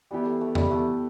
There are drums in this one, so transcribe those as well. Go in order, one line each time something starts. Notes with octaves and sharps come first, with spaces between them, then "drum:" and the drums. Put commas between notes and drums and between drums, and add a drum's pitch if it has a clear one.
E3 G3 B3 E4 G4
A3
A3
G3, drum: tom E2
E3 A3 B3 E4 G4